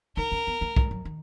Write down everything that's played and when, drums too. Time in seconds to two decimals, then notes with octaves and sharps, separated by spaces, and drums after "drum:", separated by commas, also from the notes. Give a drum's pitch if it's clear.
0.17 D#4 A#4
0.32 C#4
0.47 B3
0.61 A#3
0.76 G#3, drum: kick
0.91 F#3
1.05 D#3